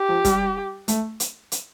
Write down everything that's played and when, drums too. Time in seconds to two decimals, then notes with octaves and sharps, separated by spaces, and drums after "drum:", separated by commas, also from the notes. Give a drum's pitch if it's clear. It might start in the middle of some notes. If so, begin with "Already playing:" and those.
Already playing: G4
0.09 F3
0.25 G3, drum: kick, hi-hat
0.88 A3, drum: hi-hat
1.20 drum: hi-hat
1.52 drum: hi-hat